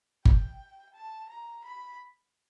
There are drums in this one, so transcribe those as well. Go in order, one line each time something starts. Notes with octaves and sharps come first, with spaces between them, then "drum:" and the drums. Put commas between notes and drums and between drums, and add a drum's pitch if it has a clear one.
G5, drum: kick G1
A5
A#5
B5